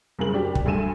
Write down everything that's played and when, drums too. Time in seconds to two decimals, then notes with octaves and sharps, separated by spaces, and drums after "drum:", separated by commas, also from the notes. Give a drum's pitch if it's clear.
0.19 F#1 G2 C#3 G#4 A#4 F#7
0.34 D4 F#4 G4
0.55 drum: kick
0.65 D2 G2 A4 G#5 D#7 E7